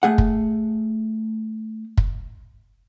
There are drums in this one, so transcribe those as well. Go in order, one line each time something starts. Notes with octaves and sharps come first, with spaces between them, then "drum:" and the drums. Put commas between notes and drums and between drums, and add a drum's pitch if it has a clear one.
A3 G#4 F#5
drum: kick
drum: kick